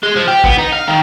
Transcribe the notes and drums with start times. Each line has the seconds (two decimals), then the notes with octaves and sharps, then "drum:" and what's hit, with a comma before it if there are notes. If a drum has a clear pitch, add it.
0.03 G#3
0.16 F3
0.28 G4
0.44 B3, drum: kick
0.58 D#4
0.73 F5
0.88 D#3